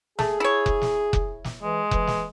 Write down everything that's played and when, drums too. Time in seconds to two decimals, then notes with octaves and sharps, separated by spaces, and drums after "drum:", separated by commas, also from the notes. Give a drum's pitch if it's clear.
0.19 A3 G#4, drum: snare
0.40 E4 C#5
0.66 drum: kick F1
0.82 drum: snare
1.13 drum: kick F1
1.44 drum: snare
1.62 E3 G#3
1.91 E3, drum: kick F1
2.07 drum: snare